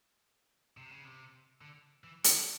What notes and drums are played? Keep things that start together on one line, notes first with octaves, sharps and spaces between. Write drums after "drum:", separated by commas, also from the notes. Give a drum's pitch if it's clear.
C3
C#3
C3
D3
E3
D#3, drum: hi-hat